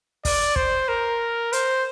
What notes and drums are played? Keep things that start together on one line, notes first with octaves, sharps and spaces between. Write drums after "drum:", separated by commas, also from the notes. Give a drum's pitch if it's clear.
D5, drum: kick, open hi-hat
C5, drum: kick
A#4
C5, drum: hi-hat